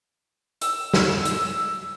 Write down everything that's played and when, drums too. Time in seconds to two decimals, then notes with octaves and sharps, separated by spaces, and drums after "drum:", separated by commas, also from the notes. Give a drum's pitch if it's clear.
0.61 E6, drum: hi-hat
0.94 drum: snare
1.25 drum: hi-hat